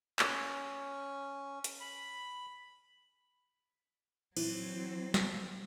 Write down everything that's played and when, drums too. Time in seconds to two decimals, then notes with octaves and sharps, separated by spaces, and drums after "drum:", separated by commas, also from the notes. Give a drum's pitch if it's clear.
0.19 C#4, drum: clap
1.64 drum: hi-hat
1.80 B5
4.37 E3 F#3 C4, drum: cymbal
5.14 drum: snare